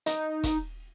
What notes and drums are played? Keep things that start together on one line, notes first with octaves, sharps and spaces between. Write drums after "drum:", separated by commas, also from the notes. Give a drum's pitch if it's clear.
D#4, drum: hi-hat
drum: kick F1, hi-hat